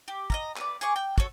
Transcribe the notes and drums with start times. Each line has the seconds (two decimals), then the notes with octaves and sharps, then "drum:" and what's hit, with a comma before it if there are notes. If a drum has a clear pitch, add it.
0.08 G4
0.30 D#5 F5 A#5, drum: kick
0.57 B4 D5, drum: clap
0.81 G#4 G#5 C#6 D6
0.96 G5
1.18 F#4 A4 C#5, drum: kick